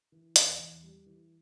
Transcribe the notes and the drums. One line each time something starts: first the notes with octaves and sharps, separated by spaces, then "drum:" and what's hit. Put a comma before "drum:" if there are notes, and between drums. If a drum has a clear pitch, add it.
E3
E2, drum: hi-hat
E2
G3
E3